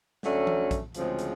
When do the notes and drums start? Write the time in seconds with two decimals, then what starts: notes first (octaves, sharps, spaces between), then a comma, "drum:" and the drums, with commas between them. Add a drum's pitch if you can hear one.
0.23 D2 D3 F#3 A3 C#4, drum: snare
0.47 drum: tom E3
0.71 drum: kick A#1, hi-hat
0.95 D2 C#3 F3 G#3 C4, drum: hi-hat
1.19 drum: hi-hat